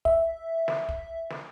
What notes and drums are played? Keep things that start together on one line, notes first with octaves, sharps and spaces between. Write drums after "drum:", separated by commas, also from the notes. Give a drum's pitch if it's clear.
E5, drum: kick
drum: snare
drum: kick
drum: snare